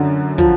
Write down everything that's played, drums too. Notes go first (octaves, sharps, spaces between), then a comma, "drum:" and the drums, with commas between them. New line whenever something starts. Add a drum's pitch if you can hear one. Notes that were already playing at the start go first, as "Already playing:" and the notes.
Already playing: F#2 D3
F3, drum: kick